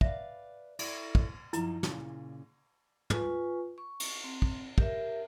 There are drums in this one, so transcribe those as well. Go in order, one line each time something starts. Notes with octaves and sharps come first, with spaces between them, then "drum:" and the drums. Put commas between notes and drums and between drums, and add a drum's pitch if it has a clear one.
B4 D5 E5 F5, drum: kick
E4 A4 D5, drum: cymbal
drum: kick
F#2 F3 D#4 E4 A#5, drum: hi-hat
A#2 C#3, drum: snare
F4 B4 G#5 C#6, drum: tom
C#6
drum: cymbal
C4
drum: kick
G4 A#4 E5, drum: kick